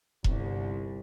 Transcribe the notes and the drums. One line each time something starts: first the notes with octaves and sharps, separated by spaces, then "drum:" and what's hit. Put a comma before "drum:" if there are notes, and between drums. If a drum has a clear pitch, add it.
G1 C2, drum: kick E1